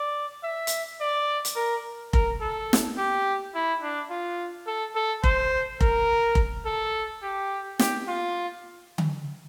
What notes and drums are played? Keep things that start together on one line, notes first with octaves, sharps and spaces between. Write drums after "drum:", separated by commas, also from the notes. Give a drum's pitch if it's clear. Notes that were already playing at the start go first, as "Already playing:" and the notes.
Already playing: D5
E5
drum: hi-hat
D5
drum: hi-hat
A#4
A#4, drum: kick F1
A4
drum: snare
G4
E4
D4
F4
A4
A4
C5, drum: kick F1
A#4, drum: kick F1
drum: kick F1
A4
G4
G4, drum: snare
F4
drum: tom D3